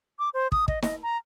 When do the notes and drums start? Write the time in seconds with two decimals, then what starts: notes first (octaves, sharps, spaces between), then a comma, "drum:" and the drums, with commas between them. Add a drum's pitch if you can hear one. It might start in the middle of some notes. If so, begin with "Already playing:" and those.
0.19 D6
0.34 C5
0.52 D#6, drum: kick
0.68 D#5, drum: kick
0.82 D#5, drum: snare
1.03 A#5